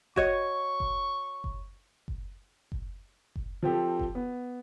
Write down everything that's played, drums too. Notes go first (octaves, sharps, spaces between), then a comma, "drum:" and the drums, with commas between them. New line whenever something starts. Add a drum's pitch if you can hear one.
F#4 C#5 D#5 C#6, drum: kick F#1
drum: kick F#1
drum: kick F#1
drum: kick F#1
drum: kick F#1
drum: kick F#1
F3 C4 G4 A4
drum: kick F#1
B3